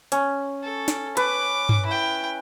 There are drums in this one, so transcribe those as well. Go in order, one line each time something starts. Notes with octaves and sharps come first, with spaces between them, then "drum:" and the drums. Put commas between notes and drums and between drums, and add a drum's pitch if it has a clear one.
C#4, drum: hi-hat
A4
drum: snare
B4 D6, drum: hi-hat
drum: tom G2
E4 G5